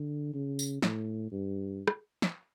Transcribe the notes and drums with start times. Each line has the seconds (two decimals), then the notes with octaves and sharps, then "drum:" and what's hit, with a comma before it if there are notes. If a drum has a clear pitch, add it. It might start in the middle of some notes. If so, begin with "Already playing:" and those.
Already playing: D3
0.33 C#3
0.59 drum: tambourine
0.82 A2, drum: snare
1.31 G2
1.87 drum: rim click
2.22 drum: snare